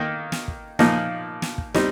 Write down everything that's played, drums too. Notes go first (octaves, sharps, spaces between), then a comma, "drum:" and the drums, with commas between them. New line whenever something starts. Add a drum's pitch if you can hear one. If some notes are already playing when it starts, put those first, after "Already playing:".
Already playing: D#3 A#3 D#4
drum: snare
drum: kick
A#2 F3 A#3 D#4, drum: snare
drum: snare
drum: kick
G3 C4 D#4, drum: snare